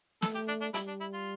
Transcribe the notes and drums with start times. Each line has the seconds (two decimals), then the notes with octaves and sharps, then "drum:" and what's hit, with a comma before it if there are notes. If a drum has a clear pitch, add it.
0.22 A3 A4, drum: snare
0.35 G4
0.48 D4
0.61 D4
0.74 G3 E4, drum: hi-hat
0.88 D4
1.01 E4
1.13 F4